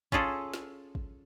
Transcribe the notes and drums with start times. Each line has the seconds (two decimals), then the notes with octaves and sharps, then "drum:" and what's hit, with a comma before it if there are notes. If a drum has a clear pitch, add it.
0.12 C#4 F4 G#4 A4, drum: kick
0.54 drum: snare
0.95 drum: kick